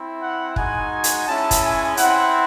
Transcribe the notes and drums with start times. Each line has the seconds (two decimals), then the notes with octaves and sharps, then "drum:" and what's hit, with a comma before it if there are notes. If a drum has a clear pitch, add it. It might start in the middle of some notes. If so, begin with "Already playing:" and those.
Already playing: C4 E4
0.21 F#5
0.56 G#3 D#4 F#4 G#5, drum: kick
1.04 drum: hi-hat
1.27 G#3 C#4 E4 A5
1.51 drum: kick, hi-hat
1.63 G#5
1.97 C4 E4 F#5, drum: hi-hat